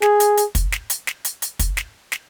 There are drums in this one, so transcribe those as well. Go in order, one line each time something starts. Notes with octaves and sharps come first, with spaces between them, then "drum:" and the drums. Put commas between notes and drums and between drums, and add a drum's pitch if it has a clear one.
G#4, drum: snare
drum: hi-hat
drum: hi-hat
drum: kick, hi-hat
drum: snare
drum: hi-hat
drum: snare
drum: hi-hat
drum: hi-hat
drum: kick, hi-hat
drum: snare
drum: snare